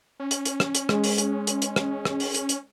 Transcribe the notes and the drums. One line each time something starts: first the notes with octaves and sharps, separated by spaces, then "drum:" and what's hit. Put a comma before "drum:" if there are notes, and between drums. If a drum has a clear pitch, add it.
C#4
drum: hi-hat
drum: hi-hat
drum: rim click
drum: hi-hat
G#3, drum: rim click
drum: open hi-hat
drum: hi-hat
drum: hi-hat
drum: hi-hat
drum: rim click
drum: rim click
drum: open hi-hat
drum: hi-hat
drum: hi-hat